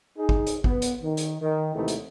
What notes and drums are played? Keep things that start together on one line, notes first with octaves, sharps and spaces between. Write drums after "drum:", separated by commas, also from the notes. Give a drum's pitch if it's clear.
D#4 G#4
drum: kick
drum: hi-hat
B3, drum: kick
drum: hi-hat
D#3
drum: hi-hat
D#3
D#2 G#2 C3 E3 A3 D#4
drum: hi-hat